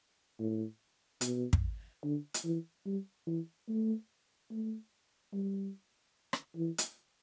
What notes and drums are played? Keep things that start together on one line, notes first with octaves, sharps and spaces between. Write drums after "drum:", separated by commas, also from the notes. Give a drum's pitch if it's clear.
A2
B2, drum: hi-hat
drum: kick
D3
drum: hi-hat
E3
G3
E3
A3
A3
G3
drum: rim click
E3
drum: hi-hat